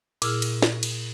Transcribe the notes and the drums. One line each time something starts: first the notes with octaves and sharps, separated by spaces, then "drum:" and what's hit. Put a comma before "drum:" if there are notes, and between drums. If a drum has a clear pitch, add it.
A#2 E4 G#4 E6 F6, drum: cymbal
drum: cymbal
drum: snare
drum: cymbal